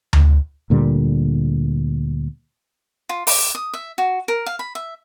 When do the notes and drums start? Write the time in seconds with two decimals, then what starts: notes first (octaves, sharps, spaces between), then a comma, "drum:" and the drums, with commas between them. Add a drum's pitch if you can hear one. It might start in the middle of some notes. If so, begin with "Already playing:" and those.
0.13 drum: tom D2
0.70 D2 A#2 D3 G3
3.09 F4
3.27 D6, drum: open hi-hat
3.55 D#6
3.74 E5
3.98 F#4
4.28 A#4
4.46 F5
4.59 B5
4.75 E5